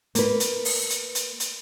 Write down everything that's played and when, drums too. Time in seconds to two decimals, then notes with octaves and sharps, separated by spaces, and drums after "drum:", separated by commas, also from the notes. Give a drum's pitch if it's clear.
0.15 A#3 B4, drum: hi-hat
0.40 drum: hi-hat
0.65 drum: open hi-hat
0.90 drum: hi-hat
1.15 drum: hi-hat
1.40 drum: hi-hat